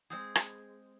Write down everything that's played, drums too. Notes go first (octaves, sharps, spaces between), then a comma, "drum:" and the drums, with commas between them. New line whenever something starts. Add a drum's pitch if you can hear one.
G#3 C4 G#4
drum: rim click